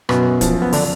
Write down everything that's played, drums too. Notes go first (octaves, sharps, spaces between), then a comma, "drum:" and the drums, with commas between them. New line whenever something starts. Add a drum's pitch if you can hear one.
F#2 B2 B3, drum: rim click
F3, drum: kick, hi-hat
B3
D3 D4, drum: open hi-hat